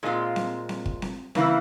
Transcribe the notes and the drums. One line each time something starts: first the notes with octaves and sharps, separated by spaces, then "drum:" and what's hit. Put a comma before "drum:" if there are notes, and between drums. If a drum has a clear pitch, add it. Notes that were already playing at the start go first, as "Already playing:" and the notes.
A#2 G#3 C4 F4
drum: snare C4
drum: snare C4
drum: kick
drum: snare C4
C#3 E3 A#3 E4, drum: snare C4